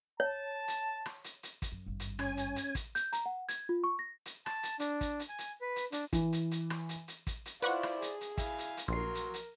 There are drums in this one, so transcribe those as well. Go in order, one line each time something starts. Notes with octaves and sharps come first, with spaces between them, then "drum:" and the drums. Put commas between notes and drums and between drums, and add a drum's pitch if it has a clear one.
C#5 A5
drum: hi-hat
drum: rim click
drum: hi-hat
drum: hi-hat
drum: kick, hi-hat
F#2
G#1 G2
drum: hi-hat
C#4 G#5, drum: rim click
drum: hi-hat
drum: hi-hat
drum: kick, hi-hat
G6, drum: hi-hat
A#5, drum: hi-hat
F#5
G#6, drum: hi-hat
F4
C#6
A#6
drum: hi-hat
A5, drum: rim click
drum: hi-hat
D4, drum: hi-hat
drum: kick, hi-hat
drum: hi-hat
G#5
drum: hi-hat
B4
drum: hi-hat
D4, drum: hi-hat
E3, drum: kick, hi-hat
drum: hi-hat
drum: hi-hat
drum: rim click
drum: hi-hat
drum: hi-hat
drum: kick, hi-hat
drum: hi-hat
E4 F4 B4 C5 D5 F#5 C#6, drum: hi-hat
drum: rim click
G#4, drum: hi-hat
drum: hi-hat
E4 F5 G#5, drum: kick, hi-hat
drum: hi-hat
drum: hi-hat
A#1 F#3 A#4 C6 C7
drum: hi-hat
drum: hi-hat